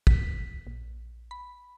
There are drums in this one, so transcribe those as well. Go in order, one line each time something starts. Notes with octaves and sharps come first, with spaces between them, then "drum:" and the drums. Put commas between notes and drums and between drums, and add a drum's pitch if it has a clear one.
B6, drum: kick
A#1
B5